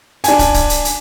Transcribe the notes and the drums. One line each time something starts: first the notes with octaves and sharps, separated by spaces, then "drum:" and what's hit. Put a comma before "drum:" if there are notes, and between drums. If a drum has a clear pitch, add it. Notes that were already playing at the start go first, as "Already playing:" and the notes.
D4 G#5, drum: hi-hat
drum: kick, hi-hat
drum: kick, hi-hat
drum: hi-hat
drum: hi-hat